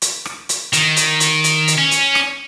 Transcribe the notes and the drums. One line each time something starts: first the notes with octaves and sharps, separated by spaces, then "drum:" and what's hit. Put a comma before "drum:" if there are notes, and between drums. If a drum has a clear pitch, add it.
drum: hi-hat
drum: rim click
drum: hi-hat
D#3, drum: hi-hat
drum: hi-hat
drum: hi-hat
drum: hi-hat
drum: hi-hat
C#4
drum: hi-hat
drum: rim click